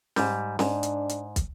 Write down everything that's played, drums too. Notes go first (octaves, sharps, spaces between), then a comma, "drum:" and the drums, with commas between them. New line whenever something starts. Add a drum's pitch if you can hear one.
G#2 G3, drum: snare C#4
G#2 D4, drum: snare C#4
drum: hi-hat
drum: hi-hat
drum: kick, hi-hat